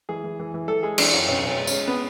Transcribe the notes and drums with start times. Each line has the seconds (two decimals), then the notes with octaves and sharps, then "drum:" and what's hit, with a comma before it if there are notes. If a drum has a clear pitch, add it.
0.09 E3 G#4
0.24 E3
0.39 E3
0.54 E3
0.68 E3 A4
0.83 G#3 G#4
0.98 E3 D4, drum: cymbal
1.14 F#2 C#4
1.29 B1 C#4
1.42 B1 C#4
1.58 G#3
1.67 C#4, drum: tambourine
1.73 G#3
1.88 B3